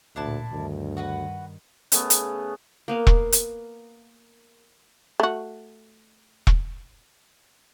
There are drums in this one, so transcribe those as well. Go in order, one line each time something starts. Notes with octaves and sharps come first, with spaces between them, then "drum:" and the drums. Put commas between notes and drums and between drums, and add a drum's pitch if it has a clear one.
A1 D2 A#2 D4 E4 A5
D2 G2 D#3
F#4 B4 F#5
C#3 A3 B3, drum: hi-hat
drum: hi-hat
A#3 B3 F5
drum: kick E1
drum: hi-hat
A3 F#4
drum: kick E1